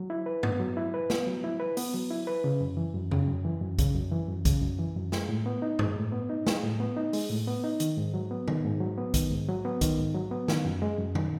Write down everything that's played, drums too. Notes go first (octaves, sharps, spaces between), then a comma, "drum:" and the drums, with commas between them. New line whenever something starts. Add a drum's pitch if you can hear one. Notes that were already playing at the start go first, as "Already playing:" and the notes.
Already playing: F#3
E4
B4
B3, drum: tom G2
F#3
E4
B4
B3, drum: snare
F#3
E4
B4
B3, drum: open hi-hat
F#3
E4
B4
C#3
F#2
E3
F#2
C#3, drum: tom F2
F#2
E3
F#2
C#3, drum: kick, hi-hat
F#2
E3
F#2
C#3, drum: kick, hi-hat
F#2
E3
F#2
G#3, drum: snare
A2
B3
D#4
G#3, drum: tom G2
A2
B3
D#4
G#3, drum: snare
A2
B3
D#4
G#3, drum: open hi-hat
A2
B3
D#4
D#3, drum: hi-hat
G#2
F#3
B3
D#3, drum: tom A#2
G#2
F#3
B3
D#3, drum: kick, hi-hat
G#2
F#3
B3
D#3, drum: kick, hi-hat
G#2
F#3
B3
D#3, drum: snare
F#2
G#3
F#2
D#3, drum: tom A#2